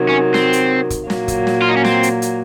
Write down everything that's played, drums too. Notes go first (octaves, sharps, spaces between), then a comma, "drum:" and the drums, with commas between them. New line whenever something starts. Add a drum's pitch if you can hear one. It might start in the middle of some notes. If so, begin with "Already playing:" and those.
Already playing: C3 D#3 F#3
C#4
C4, drum: snare
drum: hi-hat
drum: kick, hi-hat
A#2 F#3 A#3, drum: snare
drum: kick, hi-hat
drum: snare
F4
D#4
C#4
C4, drum: snare
drum: hi-hat
drum: hi-hat